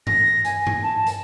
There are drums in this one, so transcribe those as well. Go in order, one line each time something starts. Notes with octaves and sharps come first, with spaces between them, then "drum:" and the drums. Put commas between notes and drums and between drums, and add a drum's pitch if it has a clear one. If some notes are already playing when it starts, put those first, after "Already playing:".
A#6, drum: tom G2
G#5, drum: hi-hat
drum: tom G2
A5
drum: hi-hat